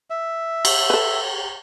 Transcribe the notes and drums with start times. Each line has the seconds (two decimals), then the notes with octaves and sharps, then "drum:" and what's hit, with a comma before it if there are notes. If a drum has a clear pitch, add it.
0.10 E5
0.65 drum: cymbal
0.90 A4 B4